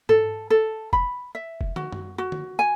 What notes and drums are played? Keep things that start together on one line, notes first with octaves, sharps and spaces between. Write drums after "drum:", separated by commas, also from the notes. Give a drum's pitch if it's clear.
A4, drum: tom G#2
A4
B5, drum: kick F1
E5
drum: kick F1
F#4, drum: tom
drum: tom F#2
F#4
drum: tom D3
G#5